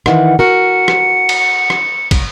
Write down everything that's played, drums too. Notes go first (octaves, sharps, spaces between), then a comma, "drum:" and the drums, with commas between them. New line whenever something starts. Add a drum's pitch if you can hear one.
D#3 E3 F#5, drum: rim click
F#4 A#4 C#7
drum: rim click
drum: cymbal
drum: rim click
drum: kick, cymbal